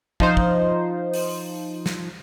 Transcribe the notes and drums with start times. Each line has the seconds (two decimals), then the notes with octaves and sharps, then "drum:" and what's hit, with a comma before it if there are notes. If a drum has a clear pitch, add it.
0.20 F3 D#4 C5, drum: kick
0.37 drum: kick
1.14 drum: open hi-hat
1.86 drum: snare